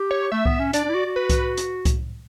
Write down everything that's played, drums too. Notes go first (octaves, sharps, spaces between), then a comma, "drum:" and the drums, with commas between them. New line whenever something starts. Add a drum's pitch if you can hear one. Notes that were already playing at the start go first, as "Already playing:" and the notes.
Already playing: G4
C#5
A3 E5
B3, drum: kick C2
C#4
D4 D5, drum: hi-hat
D4
E4
F#4
F#4
B4
drum: kick C2, hi-hat
drum: hi-hat
drum: kick C2, hi-hat